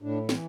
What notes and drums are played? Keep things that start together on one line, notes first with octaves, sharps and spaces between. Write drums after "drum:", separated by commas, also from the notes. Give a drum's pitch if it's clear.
A2 D4
E3, drum: snare